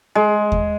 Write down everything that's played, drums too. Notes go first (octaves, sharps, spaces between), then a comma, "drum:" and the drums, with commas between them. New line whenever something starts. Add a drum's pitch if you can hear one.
G#3
drum: kick D#2